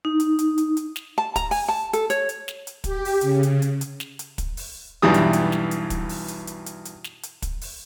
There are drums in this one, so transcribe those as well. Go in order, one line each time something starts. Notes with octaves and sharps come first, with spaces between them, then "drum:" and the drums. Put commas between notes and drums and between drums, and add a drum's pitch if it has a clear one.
D#4
drum: hi-hat
drum: hi-hat
drum: hi-hat
drum: hi-hat
drum: snare
A5
A#5, drum: kick, hi-hat
G#5, drum: open hi-hat
A5
A4, drum: hi-hat
C#5, drum: hi-hat
drum: hi-hat
drum: snare
drum: hi-hat
G4, drum: kick, hi-hat
drum: open hi-hat
C#3, drum: hi-hat
drum: hi-hat
drum: hi-hat
drum: hi-hat
drum: snare
drum: hi-hat
drum: kick, hi-hat
drum: open hi-hat
B1 E2 G2 E3 G4 D#6
drum: hi-hat
drum: hi-hat
drum: snare
drum: hi-hat
drum: kick, hi-hat
drum: open hi-hat
drum: hi-hat
drum: hi-hat
drum: hi-hat
drum: hi-hat
drum: snare
drum: hi-hat
drum: kick, hi-hat
drum: open hi-hat